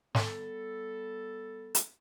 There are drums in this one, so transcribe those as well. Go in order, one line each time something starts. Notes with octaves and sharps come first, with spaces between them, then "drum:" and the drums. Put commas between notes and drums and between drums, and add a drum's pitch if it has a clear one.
G3 B3 A4, drum: snare
drum: hi-hat